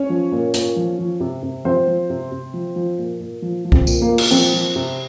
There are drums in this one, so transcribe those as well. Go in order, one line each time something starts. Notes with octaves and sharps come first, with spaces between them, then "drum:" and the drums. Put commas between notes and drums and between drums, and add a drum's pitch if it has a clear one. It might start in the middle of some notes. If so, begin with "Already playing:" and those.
Already playing: C#4 C#5
F3
A#2
A#2, drum: hi-hat
F3
F3
C3
C3
F3 C4 C5
F3
C3
C3
F3
F3
A#2
A#2
F3
F3
C4, drum: kick C2
A#2, drum: tambourine
A#3
A#2
drum: cymbal
F3 C4
F3
C3